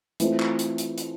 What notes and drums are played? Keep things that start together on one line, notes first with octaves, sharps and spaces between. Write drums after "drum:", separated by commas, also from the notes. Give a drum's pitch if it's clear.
E3 A3 C4 F4, drum: hi-hat
drum: clap
drum: hi-hat
drum: hi-hat
drum: hi-hat